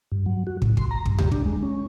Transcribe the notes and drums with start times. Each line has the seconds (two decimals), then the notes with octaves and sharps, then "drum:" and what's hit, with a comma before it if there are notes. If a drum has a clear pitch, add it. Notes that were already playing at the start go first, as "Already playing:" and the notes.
0.12 G2
0.26 F#3
0.47 F#4
0.62 A2, drum: kick
0.77 C6, drum: kick
0.91 A#5
1.06 G2, drum: kick
1.19 G4, drum: tom D2
1.32 D4, drum: kick
1.46 G#3
1.63 C#4